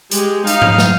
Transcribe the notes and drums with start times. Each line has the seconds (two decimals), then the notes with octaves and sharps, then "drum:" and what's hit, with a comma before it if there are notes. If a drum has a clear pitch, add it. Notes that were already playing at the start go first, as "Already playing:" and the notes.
0.11 G#3 G4, drum: hi-hat
0.47 D#4 F5, drum: hi-hat
0.62 drum: tom G#2
0.78 drum: snare